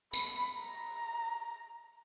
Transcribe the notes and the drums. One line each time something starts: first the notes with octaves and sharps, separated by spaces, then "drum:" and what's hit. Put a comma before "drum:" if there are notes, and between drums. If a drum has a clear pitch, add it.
B5, drum: tambourine
A#5